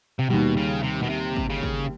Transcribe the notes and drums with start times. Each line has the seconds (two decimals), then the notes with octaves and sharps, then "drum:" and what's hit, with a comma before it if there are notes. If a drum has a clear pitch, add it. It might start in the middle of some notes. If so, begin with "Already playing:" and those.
0.19 C3
0.30 D#2 B2 D#3 G3
0.57 C#3
0.83 C3
1.03 B2
1.10 C3
1.36 drum: kick
1.50 C#3
1.63 drum: kick